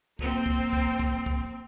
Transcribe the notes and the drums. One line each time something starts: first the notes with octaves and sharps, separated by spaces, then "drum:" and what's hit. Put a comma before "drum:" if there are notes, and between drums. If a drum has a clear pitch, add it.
A#3 C4, drum: kick
drum: kick
drum: kick
drum: kick
drum: kick